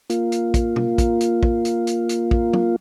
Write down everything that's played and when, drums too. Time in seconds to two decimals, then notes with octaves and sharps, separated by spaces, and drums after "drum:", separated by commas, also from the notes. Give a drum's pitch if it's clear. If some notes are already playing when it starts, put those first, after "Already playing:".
0.10 A#3 F4, drum: hi-hat
0.32 drum: hi-hat
0.54 drum: kick, hi-hat
0.76 drum: tom B2
0.98 drum: kick, hi-hat
1.20 drum: hi-hat
1.43 drum: kick
1.65 drum: hi-hat
1.87 drum: hi-hat
2.09 drum: hi-hat
2.31 drum: kick
2.53 drum: tom